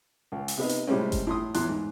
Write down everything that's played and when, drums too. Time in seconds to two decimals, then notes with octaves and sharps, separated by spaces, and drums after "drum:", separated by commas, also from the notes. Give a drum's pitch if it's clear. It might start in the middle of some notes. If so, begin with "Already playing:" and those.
0.32 C#2
0.48 drum: open hi-hat
0.57 C3 B3 D#4
0.69 drum: hi-hat
0.87 A2 C3 G3 G#3 C4 C#4
1.12 drum: kick G1, hi-hat
1.27 A2 C6 D#6
1.54 E2 A2 C6 F#6, drum: hi-hat
1.69 G#2